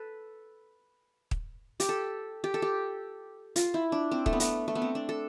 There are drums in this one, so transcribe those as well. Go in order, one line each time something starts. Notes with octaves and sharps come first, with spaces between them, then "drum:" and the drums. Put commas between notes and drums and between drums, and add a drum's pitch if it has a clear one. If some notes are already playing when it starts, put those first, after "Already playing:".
Already playing: A4 B4
drum: kick
G4, drum: hi-hat
A4
G4
A4
G4
F4, drum: hi-hat
E4
D4
C4
A3, drum: kick
B3
A3, drum: hi-hat
A3
B3
C4
D4
A4